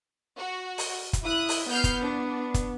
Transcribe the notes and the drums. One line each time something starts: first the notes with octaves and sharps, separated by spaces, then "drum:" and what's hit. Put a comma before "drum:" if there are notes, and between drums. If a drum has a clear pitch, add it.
F#4
drum: open hi-hat
drum: kick, hi-hat
E4 D#6 F#6
drum: open hi-hat
B3 F6 G6 C7
drum: kick, hi-hat
D4
drum: kick, hi-hat